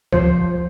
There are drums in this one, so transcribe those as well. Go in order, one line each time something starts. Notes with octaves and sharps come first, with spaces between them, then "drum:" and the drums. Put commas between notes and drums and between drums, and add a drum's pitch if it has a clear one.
F3 C5, drum: kick C#2